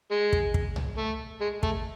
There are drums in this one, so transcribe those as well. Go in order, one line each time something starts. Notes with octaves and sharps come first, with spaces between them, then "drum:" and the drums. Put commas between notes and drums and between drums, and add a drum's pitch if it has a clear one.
G#3
drum: kick
drum: kick
drum: tom C2
A3
G#3
A3, drum: kick